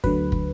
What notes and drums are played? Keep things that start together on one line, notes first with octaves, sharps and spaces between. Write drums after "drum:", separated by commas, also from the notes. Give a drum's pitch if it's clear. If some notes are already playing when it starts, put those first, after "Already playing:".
D2 D3 F#3 B4, drum: kick
drum: kick